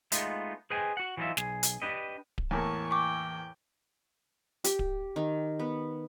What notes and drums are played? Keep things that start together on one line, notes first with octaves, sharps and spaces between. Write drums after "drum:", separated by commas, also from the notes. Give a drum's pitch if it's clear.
G#3 A3 B3 D#4 F4, drum: hi-hat
G#4 B4 C5 D#5 G5 G#5
F#4 F#5
E3 F#3 G3 D#4 F4 E5
B1 G#4, drum: snare
drum: hi-hat
D4 G4 B4 D#5
drum: kick D1
E2 A2 A#3 A5 C#6
G5 C#6 D6
G4, drum: hi-hat
drum: kick D1
D#3
B3